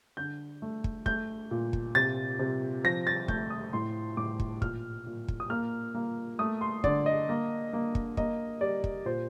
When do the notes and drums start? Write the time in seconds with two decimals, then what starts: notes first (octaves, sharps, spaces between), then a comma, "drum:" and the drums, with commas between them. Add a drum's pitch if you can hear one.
0.17 D3 G6
0.62 A3
0.84 drum: kick
1.06 A3 G6, drum: kick
1.51 A#2
1.73 drum: kick
1.95 C3 A6
2.39 C3
2.84 F3 A#6
3.07 A6
3.28 A3 G6, drum: kick
3.50 D#6
3.73 A2 C6
4.17 A2 D6
4.40 drum: kick
4.62 A#2 F6, drum: kick
5.06 A#2
5.28 drum: kick
5.40 D#6
5.50 A#3 F6
5.95 A#3
6.39 A3 D#6
6.61 C6
6.84 D3 D5, drum: kick
7.06 D#5
7.29 A#3
7.73 A#3
7.95 drum: kick
8.17 A#3 D#5, drum: kick
8.61 G3 D5
8.84 drum: kick
9.05 A#2 C5